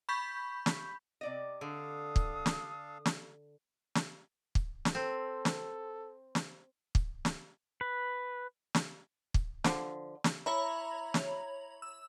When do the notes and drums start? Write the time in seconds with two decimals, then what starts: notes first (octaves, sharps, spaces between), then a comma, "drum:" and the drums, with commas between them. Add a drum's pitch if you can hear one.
0.09 B5 C#6 G6 B6
0.66 drum: snare
1.21 C3 D5 D#5
1.61 D3 D4 A4 F5 D#6
2.16 drum: kick
2.46 drum: snare
3.05 drum: snare
3.95 drum: snare
4.55 drum: kick
4.85 drum: snare
4.95 C4 A4
5.45 drum: snare
6.35 drum: snare
6.95 drum: kick
7.25 drum: snare
7.81 B4
8.74 drum: snare
9.34 drum: kick
9.64 D3 F3, drum: snare
10.24 drum: snare
10.46 E4 C#5 A#5 B5
11.14 drum: snare
11.82 E6